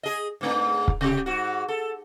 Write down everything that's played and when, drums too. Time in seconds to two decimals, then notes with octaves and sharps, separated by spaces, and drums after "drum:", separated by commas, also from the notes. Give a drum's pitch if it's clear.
0.03 G#4 D#5
0.41 G#2 A3 D4
0.88 drum: kick
1.01 C3 G4
1.26 G#2 F#4
1.68 A4